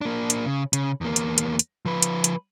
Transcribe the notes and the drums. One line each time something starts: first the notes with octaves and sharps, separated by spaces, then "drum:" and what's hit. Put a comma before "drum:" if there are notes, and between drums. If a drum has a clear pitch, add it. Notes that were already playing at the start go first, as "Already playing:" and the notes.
A#3 D4
drum: hi-hat
C#3
C#3, drum: hi-hat
E2 A#3
drum: hi-hat
drum: hi-hat
drum: hi-hat
F3 B4
drum: hi-hat
drum: hi-hat